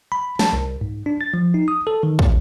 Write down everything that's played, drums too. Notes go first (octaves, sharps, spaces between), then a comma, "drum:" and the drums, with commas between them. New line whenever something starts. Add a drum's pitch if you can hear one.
B5
A5, drum: snare
C2
G#2
D4
A6
F3
D#4
D#6
A4
D#3
D#2, drum: kick